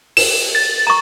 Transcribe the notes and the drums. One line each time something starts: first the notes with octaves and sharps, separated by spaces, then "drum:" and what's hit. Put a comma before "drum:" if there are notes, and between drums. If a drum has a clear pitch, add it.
E7, drum: open hi-hat
A6
A#5 C#6